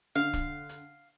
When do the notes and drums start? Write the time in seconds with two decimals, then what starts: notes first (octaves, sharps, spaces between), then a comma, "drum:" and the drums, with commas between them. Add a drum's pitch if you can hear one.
0.15 D3 F5
0.33 drum: kick, hi-hat
0.69 drum: hi-hat